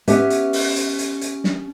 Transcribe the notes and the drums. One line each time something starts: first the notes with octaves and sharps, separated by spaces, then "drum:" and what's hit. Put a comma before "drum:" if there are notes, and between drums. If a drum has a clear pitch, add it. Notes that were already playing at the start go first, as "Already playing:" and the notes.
B3 C#4 G4 E5, drum: hi-hat
drum: hi-hat
drum: open hi-hat
drum: hi-hat
drum: hi-hat
drum: hi-hat
drum: snare